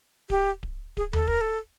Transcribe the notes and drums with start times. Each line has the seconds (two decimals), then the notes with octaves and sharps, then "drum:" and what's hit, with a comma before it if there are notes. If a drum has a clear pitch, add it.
0.30 G4, drum: kick D1
0.63 drum: kick D1
0.97 G#4, drum: kick D1
1.13 A4, drum: tom D#2
1.27 A#4, drum: kick D1
1.41 A4